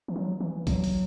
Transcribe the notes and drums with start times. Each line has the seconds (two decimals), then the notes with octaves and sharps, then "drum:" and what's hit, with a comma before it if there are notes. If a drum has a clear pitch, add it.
0.08 E3
0.16 F#3
0.41 E3
0.67 F#3, drum: kick A#1, hi-hat
0.84 drum: open hi-hat